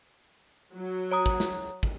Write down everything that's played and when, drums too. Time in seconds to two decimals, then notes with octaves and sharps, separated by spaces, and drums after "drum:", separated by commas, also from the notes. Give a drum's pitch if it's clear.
0.73 F#3
1.11 C#5 A#5 D#6
1.26 drum: kick
1.40 drum: snare
1.83 drum: kick